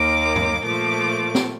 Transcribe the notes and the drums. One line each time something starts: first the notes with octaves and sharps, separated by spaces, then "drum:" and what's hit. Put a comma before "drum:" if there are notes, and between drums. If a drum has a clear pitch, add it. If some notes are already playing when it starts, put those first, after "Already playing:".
Already playing: D#2 D#3 A#3 D6
drum: tom G2
A#2 F3 A3 D6
drum: snare